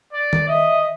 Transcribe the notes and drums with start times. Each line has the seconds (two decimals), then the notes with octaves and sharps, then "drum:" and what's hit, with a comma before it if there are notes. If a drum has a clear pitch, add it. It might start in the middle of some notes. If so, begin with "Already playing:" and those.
0.13 D5
0.33 drum: tom D#3
0.48 D#5 E5